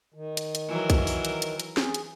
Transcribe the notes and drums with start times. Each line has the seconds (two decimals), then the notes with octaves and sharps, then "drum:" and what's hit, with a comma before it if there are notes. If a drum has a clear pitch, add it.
0.14 D#3
0.37 drum: hi-hat
0.55 drum: hi-hat
0.68 E3 F#3 A#4
0.90 drum: kick B1, hi-hat
1.07 drum: open hi-hat
1.25 drum: hi-hat
1.42 drum: hi-hat
1.60 drum: hi-hat
1.77 G#4, drum: snare
1.94 drum: hi-hat